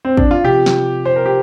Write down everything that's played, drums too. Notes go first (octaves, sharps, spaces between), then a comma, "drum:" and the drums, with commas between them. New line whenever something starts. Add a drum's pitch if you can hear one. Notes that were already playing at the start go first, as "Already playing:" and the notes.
C4
D4, drum: kick
F4
C3 F3 G4
drum: snare
C5
A#4
G4